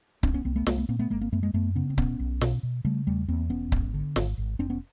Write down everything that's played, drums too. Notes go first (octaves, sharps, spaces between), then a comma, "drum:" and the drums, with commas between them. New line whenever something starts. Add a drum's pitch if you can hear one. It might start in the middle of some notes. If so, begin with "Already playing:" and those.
C2 C4 D4, drum: kick C#1
B3 C#4
C2 A#3 C4
A3 B3
C2 G#3 A#3, drum: snare
A3 B3
A#2 A#3 C4
A3 B3
G1 G#3 A#3
A#3 C4
F#2 A3 B3
G#3 A#3
F#2 A3 B3
C#3 B3 C#4
C4
B2 B3 C#4, drum: kick C#1
B1
B2, drum: snare
B2
C#3 G3 A3
E2 G3 A3
E2 A#3 C4
E1 B3 C#4
G#1, drum: kick C#1
D3
G#1, drum: snare
G#1
F1 C4 D4
B3 C#4